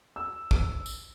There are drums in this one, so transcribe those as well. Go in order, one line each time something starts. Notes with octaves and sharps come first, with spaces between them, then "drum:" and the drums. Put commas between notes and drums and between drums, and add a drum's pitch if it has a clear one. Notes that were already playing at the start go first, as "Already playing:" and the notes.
E6
drum: kick
drum: tambourine